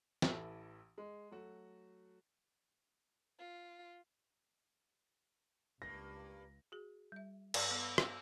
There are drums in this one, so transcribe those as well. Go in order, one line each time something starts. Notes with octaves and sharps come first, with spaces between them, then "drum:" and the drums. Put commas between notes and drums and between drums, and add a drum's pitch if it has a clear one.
A1 E3 A4 E5 A5, drum: snare
G#3
F#3 A3 F#4
F4
C#2 G2 A#3 A#6
F#4 G#4
G3 E5
G2, drum: cymbal
B3
F#4 C5 E5 F5 G5, drum: rim click